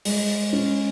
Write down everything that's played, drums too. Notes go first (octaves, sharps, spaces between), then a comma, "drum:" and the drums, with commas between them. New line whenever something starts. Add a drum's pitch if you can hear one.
G#3, drum: open hi-hat
C#4